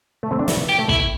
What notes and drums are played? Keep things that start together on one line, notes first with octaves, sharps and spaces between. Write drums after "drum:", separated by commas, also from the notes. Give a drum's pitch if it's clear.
A3
C4
D4
E4, drum: snare
G4
A3
E4, drum: kick